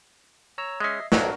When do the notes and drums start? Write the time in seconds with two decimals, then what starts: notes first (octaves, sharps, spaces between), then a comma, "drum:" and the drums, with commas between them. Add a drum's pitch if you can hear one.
0.58 C#5 A#5 E6
0.80 G#3 C#4 D#5 E5 C7
1.12 B1 F2 F#3 D4 F#4 A#4, drum: snare